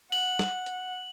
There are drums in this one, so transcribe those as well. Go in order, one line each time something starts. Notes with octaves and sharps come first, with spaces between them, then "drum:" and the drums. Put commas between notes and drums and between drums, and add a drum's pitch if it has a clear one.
F#5 F#7, drum: open hi-hat
drum: snare
drum: hi-hat